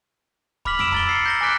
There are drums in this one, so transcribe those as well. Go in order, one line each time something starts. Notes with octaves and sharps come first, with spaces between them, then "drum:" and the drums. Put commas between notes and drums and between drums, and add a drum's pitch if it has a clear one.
B5 D6 F6 B6 F#7, drum: kick
B5 E6 D7 E7 F#7, drum: tom F2
A#5 A6 G7, drum: kick
E6 C7 C#7
G6 A#6 G7
G#5 D6 F#6 B6